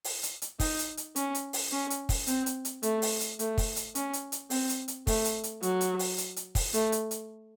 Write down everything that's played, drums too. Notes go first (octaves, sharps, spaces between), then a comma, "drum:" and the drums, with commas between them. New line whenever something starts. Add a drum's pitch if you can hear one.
drum: open hi-hat
drum: hi-hat
drum: hi-hat
D#4, drum: kick, open hi-hat
drum: hi-hat
drum: hi-hat
C#4, drum: hi-hat
drum: hi-hat
drum: open hi-hat
C#4
drum: hi-hat
drum: kick, open hi-hat
C4, drum: hi-hat
drum: hi-hat
drum: hi-hat
A3, drum: hi-hat
drum: open hi-hat
drum: hi-hat
A3, drum: hi-hat
drum: kick, open hi-hat
drum: hi-hat
C#4, drum: hi-hat
drum: hi-hat
drum: hi-hat
C4, drum: open hi-hat
drum: hi-hat
drum: hi-hat
A3, drum: kick, open hi-hat
drum: hi-hat
drum: hi-hat
F#3, drum: hi-hat
drum: hi-hat
drum: open hi-hat
drum: hi-hat
drum: hi-hat
drum: kick, open hi-hat
A3, drum: hi-hat
drum: hi-hat
drum: hi-hat